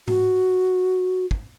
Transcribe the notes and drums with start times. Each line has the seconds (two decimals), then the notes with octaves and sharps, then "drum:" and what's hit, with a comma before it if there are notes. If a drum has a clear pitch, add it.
0.08 F#4, drum: tom G#2
1.31 drum: kick